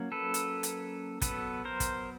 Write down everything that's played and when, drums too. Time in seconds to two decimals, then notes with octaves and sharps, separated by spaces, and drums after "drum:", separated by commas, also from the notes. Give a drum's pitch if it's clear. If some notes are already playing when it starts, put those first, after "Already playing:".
Already playing: F#3 A#3 C#4
0.12 A4 B4
0.34 drum: hi-hat
0.63 drum: hi-hat
1.22 F#3 B3 A4 B4, drum: kick, hi-hat
1.65 A#4 C5
1.80 drum: kick, hi-hat